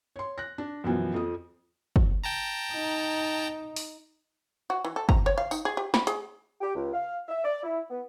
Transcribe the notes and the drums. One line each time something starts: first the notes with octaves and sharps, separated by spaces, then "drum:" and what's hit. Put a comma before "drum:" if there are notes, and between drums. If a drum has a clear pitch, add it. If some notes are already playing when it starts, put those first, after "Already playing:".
C#5 C6
F#6 A#6
D4
F#2 B2 E3 F3
F2 F3 D#6
drum: kick
G5 A5 A#5
D#4
drum: open hi-hat
F#4
E3
A4
A#5, drum: kick
C#5
F5
D#4, drum: tambourine
G#4
G4
B5, drum: snare
G#4, drum: hi-hat
G4
C#2
F5
E5
D5
E4
B3